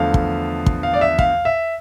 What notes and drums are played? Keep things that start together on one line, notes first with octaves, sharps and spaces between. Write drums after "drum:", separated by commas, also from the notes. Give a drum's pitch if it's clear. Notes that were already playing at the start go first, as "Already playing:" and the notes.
Already playing: E2 D3 F3 A3 F5
drum: kick
drum: kick
F5
D5
E5
F5, drum: kick
E5